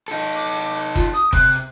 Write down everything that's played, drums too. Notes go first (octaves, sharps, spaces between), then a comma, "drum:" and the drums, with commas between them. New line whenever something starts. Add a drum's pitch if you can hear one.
D#4 A4
D6, drum: hi-hat
drum: hi-hat
drum: hi-hat
F4, drum: kick, hi-hat
D#6, drum: hi-hat
C3 F#6, drum: kick, hi-hat
drum: hi-hat